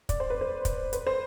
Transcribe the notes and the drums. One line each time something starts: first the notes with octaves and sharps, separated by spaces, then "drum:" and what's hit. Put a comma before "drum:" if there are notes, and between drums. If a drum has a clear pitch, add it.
D5, drum: kick, hi-hat
C5
B4
C5
drum: kick, hi-hat
B4, drum: hi-hat
C5